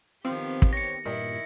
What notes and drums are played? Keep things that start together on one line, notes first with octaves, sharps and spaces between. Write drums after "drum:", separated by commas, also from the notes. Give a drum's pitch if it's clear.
D#3 F3 B3 C4 G4
drum: kick
C#5 A#6 C#7
G2 A#2 D#3 E4